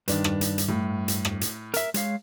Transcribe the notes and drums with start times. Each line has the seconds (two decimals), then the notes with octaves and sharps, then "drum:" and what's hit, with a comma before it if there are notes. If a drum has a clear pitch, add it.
0.08 G2 D#3 D4 B4, drum: hi-hat
0.24 drum: rim click
0.41 drum: hi-hat
0.58 drum: hi-hat
0.68 A2
1.08 drum: hi-hat
1.25 drum: rim click
1.41 drum: hi-hat
1.74 A#4 E5, drum: hi-hat
1.94 G#3 C#5 F5, drum: hi-hat